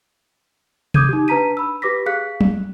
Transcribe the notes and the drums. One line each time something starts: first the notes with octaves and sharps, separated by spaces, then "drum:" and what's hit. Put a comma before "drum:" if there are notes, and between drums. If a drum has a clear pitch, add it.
D6 D#6 G6 G#6 D#7, drum: tom C3
D#4 G4
D4 B4 A5 A#5 B6 D#7
B5 E6
G4 B4 D6 A#6 B6
G#4 F5 F#6 B6
drum: tom